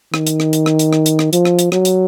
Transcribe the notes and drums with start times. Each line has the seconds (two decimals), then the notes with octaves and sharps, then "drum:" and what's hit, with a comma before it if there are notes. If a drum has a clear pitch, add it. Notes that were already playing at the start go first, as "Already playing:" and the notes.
0.14 D#3, drum: rim click
0.27 drum: hi-hat
0.40 drum: rim click
0.53 drum: hi-hat
0.66 drum: rim click
0.79 drum: hi-hat
0.93 drum: rim click
1.06 drum: hi-hat
1.19 drum: rim click
1.33 F3, drum: hi-hat
1.45 drum: rim click
1.59 drum: hi-hat
1.72 F#3, drum: rim click
1.85 drum: hi-hat